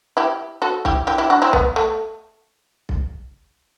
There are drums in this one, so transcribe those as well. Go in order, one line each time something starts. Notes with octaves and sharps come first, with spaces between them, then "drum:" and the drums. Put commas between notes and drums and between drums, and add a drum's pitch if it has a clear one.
E4 G4
F#4 A4
E4 G4, drum: kick B1
E4 G4
E4 G4
D4 F#4
C4 E4
B3, drum: kick B1
A3
drum: kick B1